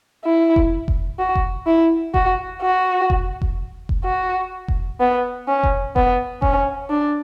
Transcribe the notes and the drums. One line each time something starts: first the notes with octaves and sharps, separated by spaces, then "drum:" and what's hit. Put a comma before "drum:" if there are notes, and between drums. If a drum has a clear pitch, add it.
E4
drum: kick F1
drum: kick F1
F#4
drum: kick F1
E4
F#4, drum: kick F1
F#4
drum: kick F1
drum: kick F1
drum: kick F1
F#4
drum: kick F1
B3
C#4
drum: kick F1
B3, drum: kick F1
C#4, drum: kick F1
D4